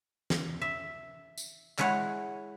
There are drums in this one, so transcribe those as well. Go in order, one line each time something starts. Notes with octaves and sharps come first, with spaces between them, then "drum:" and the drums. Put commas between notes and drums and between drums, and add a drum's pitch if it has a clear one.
drum: snare
E5
drum: tambourine
G#3 E4 C#5 F#5, drum: clap